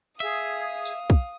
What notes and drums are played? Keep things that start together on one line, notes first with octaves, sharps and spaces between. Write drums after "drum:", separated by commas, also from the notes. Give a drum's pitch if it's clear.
G#4 E5 F5 D#6
drum: tambourine
drum: kick